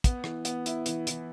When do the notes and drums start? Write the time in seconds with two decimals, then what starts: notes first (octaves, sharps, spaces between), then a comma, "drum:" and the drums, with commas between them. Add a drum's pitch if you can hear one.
0.04 B3, drum: kick, hi-hat
0.24 E3, drum: rim click
0.45 B3, drum: hi-hat
0.66 E4, drum: hi-hat
0.86 E3, drum: hi-hat
1.07 E3, drum: hi-hat